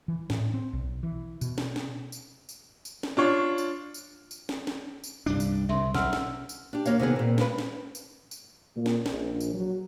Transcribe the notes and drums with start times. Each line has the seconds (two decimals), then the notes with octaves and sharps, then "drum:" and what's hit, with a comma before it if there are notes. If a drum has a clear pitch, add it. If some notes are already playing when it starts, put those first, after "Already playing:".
0.08 E3
0.30 A2, drum: snare
0.54 C4
0.73 B1
1.03 E3
1.41 B2, drum: tambourine
1.58 drum: snare
1.76 drum: snare
2.12 drum: tambourine
2.49 drum: tambourine
2.85 drum: tambourine
3.03 drum: snare
3.17 D4 F4 C#5
3.58 drum: tambourine
3.94 drum: tambourine
4.31 drum: tambourine
4.49 drum: snare
4.67 drum: snare
5.04 drum: tambourine
5.26 C2 G2 D4
5.40 drum: tambourine
5.69 C2 C#3 E5 C6
5.94 B1 F#5 E6 F6, drum: snare
6.13 drum: snare
6.49 drum: tambourine
6.73 D4 G4
6.86 D#2 A#3 C#5 F5, drum: tambourine
6.99 C3 D#3 B3 G#4
7.16 A#2 C4
7.38 G#3 F4 B4, drum: snare
7.58 drum: snare
7.95 drum: tambourine
8.31 drum: tambourine
8.75 A#2
8.86 drum: snare
9.06 A#1, drum: snare
9.40 drum: tambourine
9.54 F#3